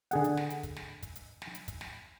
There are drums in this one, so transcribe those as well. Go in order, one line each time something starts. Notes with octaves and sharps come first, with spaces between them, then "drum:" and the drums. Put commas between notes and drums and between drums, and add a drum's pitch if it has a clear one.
D3 G#4 F#5, drum: hi-hat
drum: hi-hat
drum: snare
drum: hi-hat
drum: kick, hi-hat
drum: snare
drum: kick, hi-hat
drum: hi-hat
drum: snare
drum: hi-hat
drum: kick, hi-hat
drum: snare